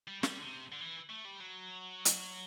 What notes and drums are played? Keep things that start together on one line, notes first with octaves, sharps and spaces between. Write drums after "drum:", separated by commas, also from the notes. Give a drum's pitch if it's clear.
G3
G3, drum: snare
D3
C3
D3
E3
A3
G3
F#3
drum: hi-hat